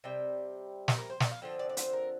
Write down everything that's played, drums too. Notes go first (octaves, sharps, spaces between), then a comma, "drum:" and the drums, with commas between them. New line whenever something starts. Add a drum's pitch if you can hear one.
C3 G3 G5
drum: snare
A#4
C5
D5, drum: snare
F5
D3 F3 C4 G5
D5
D5
C5, drum: hi-hat
A#4